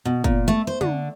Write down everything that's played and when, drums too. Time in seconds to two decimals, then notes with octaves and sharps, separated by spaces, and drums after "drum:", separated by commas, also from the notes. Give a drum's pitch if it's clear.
0.05 B2
0.24 A#2, drum: kick
0.48 A3
0.67 C5
0.81 D3, drum: tom